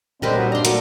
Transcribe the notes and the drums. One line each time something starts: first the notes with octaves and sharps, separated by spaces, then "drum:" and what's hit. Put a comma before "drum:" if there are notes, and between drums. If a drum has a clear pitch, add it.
A#2 D3 G3 G#3 C4 G4 A#4 B4
B2 F#3 G3 A#3 B3 D#4
G2 D4 D5 A#5 C6
F#3 A3 A#3 A4 A#4 A#5, drum: hi-hat